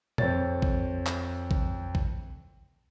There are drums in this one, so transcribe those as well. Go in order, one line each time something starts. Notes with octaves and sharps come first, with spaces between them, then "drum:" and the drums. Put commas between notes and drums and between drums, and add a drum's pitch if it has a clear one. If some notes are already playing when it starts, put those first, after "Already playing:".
F2 C5 C#5 A6, drum: tom A#2
drum: kick A#1
drum: clap
drum: kick A#1
drum: kick A#1